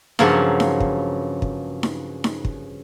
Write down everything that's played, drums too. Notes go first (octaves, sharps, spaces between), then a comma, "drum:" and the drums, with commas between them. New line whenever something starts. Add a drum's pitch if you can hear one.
G2 C#3 F3 F#3 A#3 C4, drum: snare D#4
drum: snare D#4
drum: kick
drum: kick
drum: snare D#4
drum: snare D#4
drum: kick